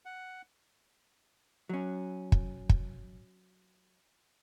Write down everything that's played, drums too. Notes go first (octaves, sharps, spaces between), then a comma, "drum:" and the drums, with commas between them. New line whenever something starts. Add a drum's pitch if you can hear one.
F#5
F#3 C#4
drum: kick
drum: kick